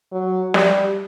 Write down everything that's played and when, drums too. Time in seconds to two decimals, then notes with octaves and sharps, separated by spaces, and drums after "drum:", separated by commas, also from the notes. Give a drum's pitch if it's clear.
0.12 F#3
0.54 G3, drum: snare